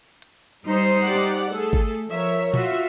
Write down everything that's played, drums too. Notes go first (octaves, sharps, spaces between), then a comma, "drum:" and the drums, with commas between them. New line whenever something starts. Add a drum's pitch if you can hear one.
drum: hi-hat
G3 D#4 C5
G4 D5 F#5
A3 G#4 A4
drum: kick G#1
F3 A#4 C#5 E5
F4 F#4 E5, drum: tom